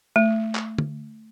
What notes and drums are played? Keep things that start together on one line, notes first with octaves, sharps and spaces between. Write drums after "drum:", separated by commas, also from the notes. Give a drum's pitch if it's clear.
A3
drum: clap
drum: tom